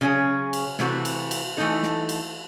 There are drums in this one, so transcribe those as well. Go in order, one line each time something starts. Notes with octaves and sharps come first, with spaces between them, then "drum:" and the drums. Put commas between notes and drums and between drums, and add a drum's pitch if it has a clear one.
C#3 F#3 C#4 G#4
drum: cymbal
C3 E3 A3 C4 F#4, drum: snare
drum: cymbal
drum: cymbal
E3 A3 D#4 A4
drum: snare
drum: cymbal